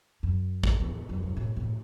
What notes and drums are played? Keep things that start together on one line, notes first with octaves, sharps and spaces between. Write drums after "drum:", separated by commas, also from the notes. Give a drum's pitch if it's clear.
F#2
drum: kick
E2
F#2
F#2
A2
A2